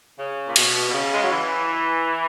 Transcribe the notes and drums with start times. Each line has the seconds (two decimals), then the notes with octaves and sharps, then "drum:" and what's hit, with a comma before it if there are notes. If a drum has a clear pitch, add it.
0.18 C#3
0.47 A#2
0.56 B2, drum: cymbal
0.88 B2
0.93 C#3
1.12 G#3
1.21 F#3
1.30 E3